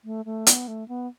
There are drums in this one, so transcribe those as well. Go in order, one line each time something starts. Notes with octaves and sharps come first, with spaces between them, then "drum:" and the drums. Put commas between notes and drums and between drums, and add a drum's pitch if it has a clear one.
A3
A3
B3, drum: hi-hat
A3
B3